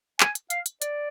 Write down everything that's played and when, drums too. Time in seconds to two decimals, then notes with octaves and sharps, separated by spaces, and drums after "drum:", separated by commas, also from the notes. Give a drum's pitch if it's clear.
0.20 G#5, drum: clap
0.35 drum: hi-hat
0.50 F5, drum: hi-hat
0.66 drum: hi-hat
0.82 D5, drum: hi-hat